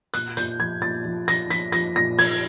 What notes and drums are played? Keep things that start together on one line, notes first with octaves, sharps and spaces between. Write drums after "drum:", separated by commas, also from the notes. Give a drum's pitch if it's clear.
A#2 F#6, drum: hi-hat
A#2 G6, drum: hi-hat
F3 G#6
A#2 A6
F3
F3 A#6, drum: hi-hat
F3 B6, drum: hi-hat
F3 A#6, drum: hi-hat
A#2 A#6
F3 G#6, drum: open hi-hat